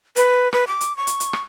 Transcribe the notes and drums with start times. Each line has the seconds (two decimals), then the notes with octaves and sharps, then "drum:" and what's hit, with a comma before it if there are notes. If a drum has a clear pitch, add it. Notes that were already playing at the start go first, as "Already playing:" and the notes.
0.16 B4, drum: hi-hat
0.53 B4, drum: rim click
0.67 D6
0.81 drum: hi-hat
0.97 C#6
1.07 drum: hi-hat
1.20 drum: hi-hat
1.33 drum: rim click